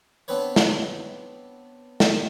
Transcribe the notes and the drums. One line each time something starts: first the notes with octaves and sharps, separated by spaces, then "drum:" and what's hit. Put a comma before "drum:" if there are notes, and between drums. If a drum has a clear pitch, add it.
B3 C4 D4 B4 C#5
drum: snare
drum: snare